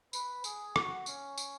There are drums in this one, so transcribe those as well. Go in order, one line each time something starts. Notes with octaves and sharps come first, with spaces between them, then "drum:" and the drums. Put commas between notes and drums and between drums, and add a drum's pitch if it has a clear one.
B4, drum: tambourine
G#4, drum: tambourine
F#4, drum: rim click
C#4, drum: tambourine
drum: tambourine